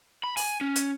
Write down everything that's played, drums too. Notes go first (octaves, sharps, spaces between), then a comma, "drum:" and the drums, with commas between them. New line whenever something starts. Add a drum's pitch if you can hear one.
B5
G#5, drum: open hi-hat
C#4
drum: hi-hat